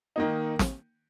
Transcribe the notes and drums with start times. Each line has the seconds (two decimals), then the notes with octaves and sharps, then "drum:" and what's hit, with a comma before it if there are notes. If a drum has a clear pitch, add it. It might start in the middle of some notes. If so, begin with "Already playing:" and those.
0.16 D#3 A#3 D#4
0.59 drum: snare